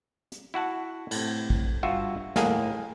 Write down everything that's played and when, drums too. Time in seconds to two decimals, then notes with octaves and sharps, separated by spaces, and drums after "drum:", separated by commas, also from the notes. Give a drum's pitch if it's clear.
0.32 drum: hi-hat
0.54 E4 F#4 F#5 A5
1.11 A2 C3, drum: cymbal
1.50 drum: kick
1.83 G2 F4 F#4 E5
2.36 D#2 A2 A#3 G#4 F#5, drum: snare